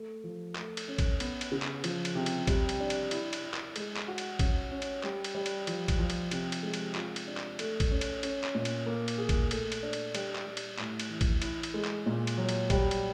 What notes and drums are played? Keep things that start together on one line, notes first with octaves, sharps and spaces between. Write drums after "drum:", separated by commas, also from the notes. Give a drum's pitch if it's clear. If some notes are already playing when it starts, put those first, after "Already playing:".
Already playing: A3
F3
A3, drum: clap
drum: cymbal
C#4
drum: kick, cymbal
B3, drum: cymbal
drum: cymbal
C#3
drum: clap
F3, drum: cymbal
drum: cymbal
C3
drum: cymbal
G3, drum: kick, cymbal
drum: cymbal
D4
drum: cymbal
E4, drum: cymbal
drum: cymbal
E4
drum: clap
G#3, drum: cymbal
drum: clap
F#4
drum: cymbal
C#4, drum: kick, cymbal
C#4
drum: cymbal
G3, drum: clap
drum: cymbal
G3
drum: cymbal
F3, drum: cymbal
drum: kick, cymbal
F3
drum: cymbal
C3, drum: cymbal
drum: cymbal
G#3
drum: cymbal
F4, drum: clap
drum: cymbal
D4
drum: clap
A3, drum: cymbal
drum: kick, cymbal
C#4
drum: cymbal
C#4, drum: cymbal
drum: clap
A#2
drum: cymbal
A#3
drum: cymbal
G#4
drum: kick, cymbal
A3, drum: cymbal
drum: cymbal
D4
drum: cymbal
G3, drum: cymbal
drum: clap
G3
drum: cymbal
A2, drum: clap
drum: cymbal
E3
drum: kick, cymbal
E4, drum: cymbal
drum: cymbal
G#3
drum: clap
A#2
drum: cymbal
F#3
drum: cymbal
G3, drum: kick, cymbal
drum: cymbal